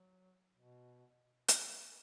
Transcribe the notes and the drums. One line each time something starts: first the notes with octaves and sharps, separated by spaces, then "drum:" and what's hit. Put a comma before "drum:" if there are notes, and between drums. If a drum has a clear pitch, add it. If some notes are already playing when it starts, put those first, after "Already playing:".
Already playing: F#3
B2
drum: hi-hat